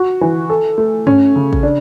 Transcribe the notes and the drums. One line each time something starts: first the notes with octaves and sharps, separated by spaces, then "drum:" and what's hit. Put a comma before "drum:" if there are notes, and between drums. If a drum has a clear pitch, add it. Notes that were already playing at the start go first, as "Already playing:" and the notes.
Already playing: F#4
E3
A4
A3
C#4, drum: tom G2
C#3
drum: kick
D4